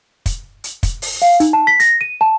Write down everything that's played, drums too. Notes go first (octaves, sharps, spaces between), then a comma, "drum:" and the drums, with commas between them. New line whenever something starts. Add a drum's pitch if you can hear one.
drum: kick, hi-hat
drum: hi-hat
drum: kick, hi-hat
drum: open hi-hat
F5, drum: hi-hat
D#4, drum: hi-hat
A5
B6
A#6, drum: hi-hat
D#7
A5